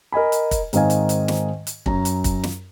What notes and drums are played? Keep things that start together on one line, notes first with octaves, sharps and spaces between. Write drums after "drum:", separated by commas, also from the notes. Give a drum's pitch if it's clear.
A#4 D#5 G#5 B5
drum: hi-hat
drum: kick, hi-hat
G#2 D#3 C4 D#5 F5 G#5, drum: hi-hat
drum: hi-hat
drum: hi-hat
drum: snare
drum: hi-hat
F#2 C#4 A#5, drum: kick
drum: hi-hat
drum: kick, hi-hat
drum: snare